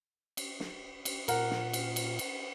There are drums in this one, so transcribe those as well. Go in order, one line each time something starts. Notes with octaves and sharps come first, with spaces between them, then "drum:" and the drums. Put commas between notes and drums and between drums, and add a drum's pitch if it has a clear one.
drum: cymbal
drum: snare
drum: cymbal
A#2 F4 A#4 F#5, drum: cymbal
drum: snare
drum: cymbal
drum: cymbal
drum: cymbal